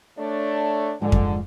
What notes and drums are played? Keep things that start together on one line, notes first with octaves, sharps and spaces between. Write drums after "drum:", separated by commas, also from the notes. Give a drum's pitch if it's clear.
A3 D4 C#5
G#2 D3 F3 G#3
drum: kick F2